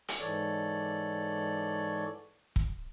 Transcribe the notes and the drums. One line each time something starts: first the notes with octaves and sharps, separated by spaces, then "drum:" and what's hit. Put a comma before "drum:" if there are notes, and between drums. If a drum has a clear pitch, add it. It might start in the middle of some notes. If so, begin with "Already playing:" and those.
drum: hi-hat
G#2 E3 A4 C#5 D5
drum: kick